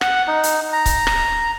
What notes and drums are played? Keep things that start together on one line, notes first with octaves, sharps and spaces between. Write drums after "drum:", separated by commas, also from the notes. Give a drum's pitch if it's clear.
F#5, drum: rim click
D#4
drum: hi-hat
A#5
drum: kick C#1, hi-hat
drum: rim click